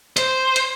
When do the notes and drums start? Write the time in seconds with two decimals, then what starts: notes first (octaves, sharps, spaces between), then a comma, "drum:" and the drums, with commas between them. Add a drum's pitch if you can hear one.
0.17 C5, drum: hi-hat
0.56 drum: hi-hat